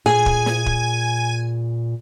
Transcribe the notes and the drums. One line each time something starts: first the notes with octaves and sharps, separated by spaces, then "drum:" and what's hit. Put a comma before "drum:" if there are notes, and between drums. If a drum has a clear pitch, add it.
A#2 G#4 G#5
drum: kick
drum: snare
drum: kick